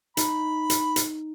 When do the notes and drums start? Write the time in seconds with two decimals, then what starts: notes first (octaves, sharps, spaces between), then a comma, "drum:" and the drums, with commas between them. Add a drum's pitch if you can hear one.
0.17 D#4 B5, drum: hi-hat
0.70 drum: hi-hat
0.96 drum: hi-hat